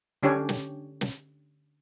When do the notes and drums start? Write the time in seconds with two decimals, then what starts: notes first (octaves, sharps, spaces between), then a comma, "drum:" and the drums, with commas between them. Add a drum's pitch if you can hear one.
0.23 D3 C#4 D4 G4 C#5
0.49 drum: snare
1.01 drum: snare